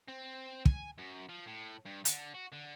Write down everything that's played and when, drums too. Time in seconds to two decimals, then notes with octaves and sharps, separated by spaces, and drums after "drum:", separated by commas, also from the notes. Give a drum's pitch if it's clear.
0.08 C4
0.65 G#5, drum: kick
0.98 F#2
1.29 F3
1.47 A2
1.86 G2
2.05 D3, drum: hi-hat
2.35 F#4
2.53 D3